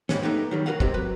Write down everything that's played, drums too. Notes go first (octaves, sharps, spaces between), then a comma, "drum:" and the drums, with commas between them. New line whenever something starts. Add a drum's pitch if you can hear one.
G#2 F3 G3 G#3 B3 C#4, drum: snare
A3 B3 D#4 G4
D#3 F#3 G3
F#4 G#4 A#4 B4 F5 F#5
G#3 C4 G4, drum: kick
F#3 B4